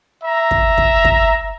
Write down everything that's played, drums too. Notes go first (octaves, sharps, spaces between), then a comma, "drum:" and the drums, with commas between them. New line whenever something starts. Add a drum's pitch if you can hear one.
E5 A#5
drum: kick
drum: kick
drum: kick